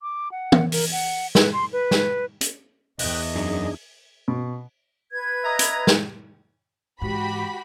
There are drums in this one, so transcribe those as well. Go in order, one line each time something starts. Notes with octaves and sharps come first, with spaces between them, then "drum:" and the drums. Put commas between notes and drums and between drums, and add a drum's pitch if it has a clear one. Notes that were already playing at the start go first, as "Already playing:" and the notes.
D6
F#5
drum: tom
A#4, drum: open hi-hat
F#5
B4, drum: snare
C6
B4
drum: snare
drum: hi-hat
E2 D#5 G5 D#6 F#6, drum: open hi-hat
F#2 D4 D#4 G#4
B2
B4 G#6
D#5 E5 A#5
drum: hi-hat
drum: snare
G#2 E3 F#4 G4 B5